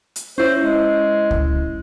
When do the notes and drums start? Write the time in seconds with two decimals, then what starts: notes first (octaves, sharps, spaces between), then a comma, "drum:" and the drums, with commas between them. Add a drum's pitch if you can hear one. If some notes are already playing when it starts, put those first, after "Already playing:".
0.16 drum: hi-hat
0.38 C#4 E4 C5
0.62 G#3
1.31 drum: kick C#2